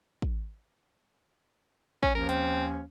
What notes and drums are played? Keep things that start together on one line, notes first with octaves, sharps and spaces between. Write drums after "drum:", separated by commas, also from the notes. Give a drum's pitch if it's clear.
drum: kick
C#4, drum: kick
D#2 F3 C#4 A#4
C4, drum: hi-hat